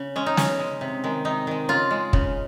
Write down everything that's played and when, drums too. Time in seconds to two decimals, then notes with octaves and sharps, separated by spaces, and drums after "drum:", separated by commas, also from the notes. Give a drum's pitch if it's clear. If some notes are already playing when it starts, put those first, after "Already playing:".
Already playing: C#3
0.16 G#3 C#4
0.26 D#4
0.37 C#3 C#4, drum: snare
0.59 G#3
0.81 C3
1.04 D#3 G#3
1.25 C3 D#4
1.47 D#3 G#3
1.69 C#3 F4
1.91 G#3
2.13 C#3, drum: kick